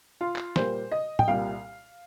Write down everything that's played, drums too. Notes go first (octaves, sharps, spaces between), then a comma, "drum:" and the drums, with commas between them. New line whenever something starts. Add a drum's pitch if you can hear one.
F4
drum: clap
A#2 G3 A#3 C5, drum: snare
D#5
G5, drum: tom
C2 A#2 G3 F5